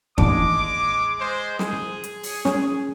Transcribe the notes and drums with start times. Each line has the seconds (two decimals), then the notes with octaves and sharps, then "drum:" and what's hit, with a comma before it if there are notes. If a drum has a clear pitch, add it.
0.18 A1 D#2 G#3 D4 D6, drum: kick
1.19 G#3 C5
1.59 G#4, drum: snare
2.04 drum: hi-hat
2.23 drum: open hi-hat
2.45 C#4, drum: snare